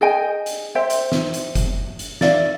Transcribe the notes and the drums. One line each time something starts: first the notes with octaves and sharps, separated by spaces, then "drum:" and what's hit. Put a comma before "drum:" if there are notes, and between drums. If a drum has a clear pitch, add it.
G#4 D#5 G5 G#5
drum: hi-hat
C5 E5 G5
drum: hi-hat
drum: snare
drum: hi-hat
drum: kick, hi-hat
drum: hi-hat
D5 E5 F5, drum: snare